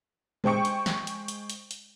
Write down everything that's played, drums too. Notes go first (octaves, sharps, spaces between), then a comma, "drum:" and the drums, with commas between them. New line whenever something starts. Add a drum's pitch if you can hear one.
G#3 C5 G5 C#6 C#7, drum: tom
drum: hi-hat
drum: snare
drum: hi-hat
drum: hi-hat
drum: hi-hat
drum: hi-hat